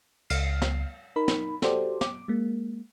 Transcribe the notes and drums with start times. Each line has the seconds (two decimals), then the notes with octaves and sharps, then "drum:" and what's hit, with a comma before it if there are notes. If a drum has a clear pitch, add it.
0.30 C#2 F6 C7, drum: cymbal
0.62 drum: snare
1.16 D#4 A#4 B5
1.28 drum: snare
1.62 F#4 G4 A4 C5 D5, drum: snare
2.01 D6, drum: snare
2.28 G#3 A#3